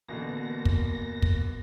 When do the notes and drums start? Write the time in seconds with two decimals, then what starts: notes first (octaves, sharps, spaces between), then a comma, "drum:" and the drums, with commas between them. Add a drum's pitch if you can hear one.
0.08 A1 B2 D3 A#3 A#6
0.65 drum: kick
1.22 drum: kick